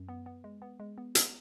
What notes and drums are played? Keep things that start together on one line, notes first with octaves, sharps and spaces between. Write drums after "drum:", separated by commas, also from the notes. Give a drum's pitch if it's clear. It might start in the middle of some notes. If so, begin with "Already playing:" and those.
Already playing: F#2
B3
B3
G#3
B3
G#3
B3
B3, drum: hi-hat